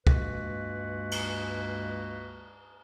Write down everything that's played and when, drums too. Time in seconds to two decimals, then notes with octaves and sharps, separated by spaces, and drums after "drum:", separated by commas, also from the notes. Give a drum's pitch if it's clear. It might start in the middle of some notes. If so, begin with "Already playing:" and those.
0.07 C#2 G2 G#3 A#3 F#4 B4, drum: kick
1.11 drum: cymbal